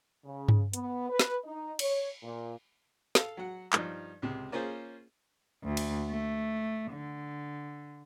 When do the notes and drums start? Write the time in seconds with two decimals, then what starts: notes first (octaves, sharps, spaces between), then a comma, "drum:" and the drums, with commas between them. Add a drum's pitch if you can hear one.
0.24 C#3
0.48 drum: tom G2
0.73 B3, drum: hi-hat
1.10 B4
1.19 drum: snare
1.45 D#4
1.79 C#5, drum: cymbal
2.23 A#2
3.15 A4 F5, drum: snare
3.37 F#3 F#5
3.73 G2 F3 D#4, drum: clap
4.22 C#2 C3
4.52 A#3 C#4 F4 G#4 C5
5.63 D2
5.77 drum: cymbal
6.09 A3
6.92 D3